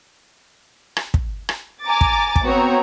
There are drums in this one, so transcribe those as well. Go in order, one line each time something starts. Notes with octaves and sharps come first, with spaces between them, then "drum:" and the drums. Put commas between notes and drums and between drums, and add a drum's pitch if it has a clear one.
drum: rim click
drum: kick
drum: rim click
G#5 A#5 D6 A6
drum: kick
drum: kick
B3 C4 F#4 C#5 G5 A#5